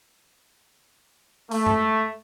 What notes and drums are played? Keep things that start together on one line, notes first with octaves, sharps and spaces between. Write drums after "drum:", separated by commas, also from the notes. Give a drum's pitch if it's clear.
A3, drum: open hi-hat
drum: tom F#2